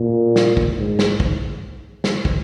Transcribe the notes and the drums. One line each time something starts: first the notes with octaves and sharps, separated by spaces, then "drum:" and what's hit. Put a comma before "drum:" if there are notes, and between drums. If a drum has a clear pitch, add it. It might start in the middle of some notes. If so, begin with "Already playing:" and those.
Already playing: A#2
drum: snare
drum: kick
G#2
drum: snare
drum: kick
drum: snare
drum: kick